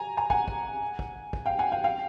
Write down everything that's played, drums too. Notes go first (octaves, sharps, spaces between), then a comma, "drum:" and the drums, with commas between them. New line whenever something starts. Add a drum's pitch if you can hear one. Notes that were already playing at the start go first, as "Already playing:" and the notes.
Already playing: G#5 A#5
G#5 A#5
F#5 G#5, drum: kick
drum: kick
drum: kick
drum: kick
F5 G5
F#5 G#5
F5 G5
F5 G5